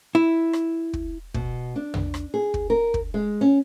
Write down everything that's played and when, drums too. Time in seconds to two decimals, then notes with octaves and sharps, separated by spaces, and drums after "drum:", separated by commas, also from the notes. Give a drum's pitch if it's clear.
0.15 E4
0.53 drum: rim click
0.93 drum: kick
1.34 B2, drum: kick
1.76 D4
1.94 drum: tom
2.14 drum: rim click
2.34 G#4
2.54 drum: kick
2.70 A#4
2.94 drum: kick
3.14 G#3
3.41 C#4